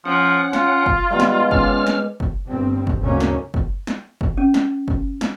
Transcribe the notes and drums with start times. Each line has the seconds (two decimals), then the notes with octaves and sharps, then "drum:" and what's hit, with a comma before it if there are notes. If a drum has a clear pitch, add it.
0.05 F3 C#4 F#5
0.53 F4, drum: snare
0.86 drum: kick F#1
1.11 D#3 G3 G#3 B3
1.20 drum: snare
1.51 C#4 D5 F6, drum: kick F#1
1.87 drum: snare
2.20 drum: kick F#1
2.47 G1 G2 C4
2.87 drum: kick F#1
3.01 D2 G#2 C#3 F#3 A#3 C#4
3.20 drum: snare
3.54 drum: kick F#1
3.87 drum: snare
4.21 drum: kick F#1
4.38 C#4
4.54 drum: snare
4.88 drum: kick F#1
5.21 drum: snare